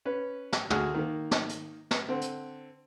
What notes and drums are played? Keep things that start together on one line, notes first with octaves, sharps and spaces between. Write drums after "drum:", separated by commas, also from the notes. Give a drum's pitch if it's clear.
C#4 B4
drum: snare
D2 F#4 G#4 F6, drum: tom
D#3 A#3
drum: snare
drum: hi-hat
drum: snare
D3 C4
drum: hi-hat